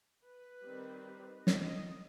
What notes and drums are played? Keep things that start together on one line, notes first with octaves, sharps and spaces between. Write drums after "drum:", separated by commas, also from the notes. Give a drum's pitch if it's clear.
B4
D#3 G3 C4
D#5, drum: snare